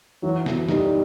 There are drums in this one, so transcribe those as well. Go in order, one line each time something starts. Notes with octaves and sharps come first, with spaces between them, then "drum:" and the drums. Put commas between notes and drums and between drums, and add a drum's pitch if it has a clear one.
E3 F#3
B3, drum: snare
G3 D#4, drum: snare